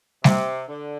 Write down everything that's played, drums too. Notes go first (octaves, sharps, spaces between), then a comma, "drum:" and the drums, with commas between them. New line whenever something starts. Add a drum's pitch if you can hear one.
C3, drum: snare G3
D3